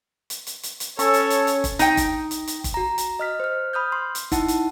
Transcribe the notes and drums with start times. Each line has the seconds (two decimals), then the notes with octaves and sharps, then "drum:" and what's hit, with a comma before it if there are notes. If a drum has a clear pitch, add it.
0.30 drum: hi-hat
0.47 drum: hi-hat
0.63 drum: hi-hat
0.80 drum: hi-hat
0.99 C#4 A4 C#5, drum: hi-hat
1.14 drum: hi-hat
1.30 drum: hi-hat
1.47 drum: hi-hat
1.64 drum: kick, hi-hat
1.79 D#4 G5, drum: hi-hat
1.97 drum: kick, hi-hat
2.31 drum: hi-hat
2.47 drum: hi-hat
2.64 drum: kick, hi-hat
2.74 F#4 A#5
2.98 drum: hi-hat
3.19 D#5 F6 B6
3.40 C5 F6
3.73 B5 D#6 F6 G6
3.92 C6
4.15 drum: hi-hat
4.32 D#4 E4 F#5 A5, drum: kick, hi-hat
4.48 drum: hi-hat